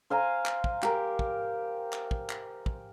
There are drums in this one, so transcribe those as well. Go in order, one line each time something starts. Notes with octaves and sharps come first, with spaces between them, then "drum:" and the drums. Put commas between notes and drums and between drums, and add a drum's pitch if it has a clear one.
C5 F5 G#5 A#5
drum: clap
drum: kick
G4 A#4, drum: clap
drum: kick
drum: clap
drum: kick
drum: clap
drum: kick